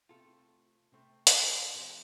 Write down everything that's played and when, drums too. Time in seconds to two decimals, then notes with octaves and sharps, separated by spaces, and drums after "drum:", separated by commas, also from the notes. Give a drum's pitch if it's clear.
0.09 C3 A3 C4 F4 A4
0.92 C3 A3 C4
1.27 drum: hi-hat
1.75 C3 F3 C4 G4 C5